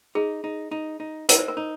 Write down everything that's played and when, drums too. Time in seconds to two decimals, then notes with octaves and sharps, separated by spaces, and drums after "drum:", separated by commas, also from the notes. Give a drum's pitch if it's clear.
0.15 D#4 G#4
0.44 D#4
0.71 D#4
1.00 D#4
1.29 D#4 A#4, drum: hi-hat
1.39 C5
1.48 A#4
1.57 D#4